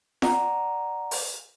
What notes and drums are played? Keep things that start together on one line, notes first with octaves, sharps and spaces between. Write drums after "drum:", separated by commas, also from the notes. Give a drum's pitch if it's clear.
D5 F#5 A#5, drum: snare F4
drum: open hi-hat